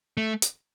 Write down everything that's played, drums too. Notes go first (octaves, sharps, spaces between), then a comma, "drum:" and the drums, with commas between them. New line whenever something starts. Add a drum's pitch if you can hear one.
A3
drum: hi-hat